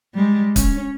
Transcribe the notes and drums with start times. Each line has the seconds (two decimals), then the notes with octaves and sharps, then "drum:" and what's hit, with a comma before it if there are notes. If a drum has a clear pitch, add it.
0.15 G3 G#3
0.56 C#4, drum: kick, hi-hat